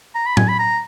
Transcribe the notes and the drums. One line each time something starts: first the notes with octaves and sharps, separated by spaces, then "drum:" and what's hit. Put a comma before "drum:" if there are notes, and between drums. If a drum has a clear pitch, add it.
A#5
B5
G#5, drum: tom A2
B5
A#5